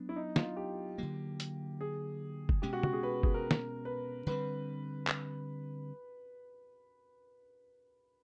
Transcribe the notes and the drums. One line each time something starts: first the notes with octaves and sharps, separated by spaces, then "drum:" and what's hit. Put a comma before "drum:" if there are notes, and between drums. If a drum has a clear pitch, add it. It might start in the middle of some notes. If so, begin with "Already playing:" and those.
Already playing: F#3 B3 D4
E4
D#4
F4, drum: snare
G4
D3 F#3 A#3
drum: hi-hat
G#4
drum: kick F#1
B2 G#3 C#4 G4
F#4
F#4, drum: tom
G#4
B4
G#4, drum: kick F#1
A#4
drum: snare
B4
D3 G3 C4 B4
drum: clap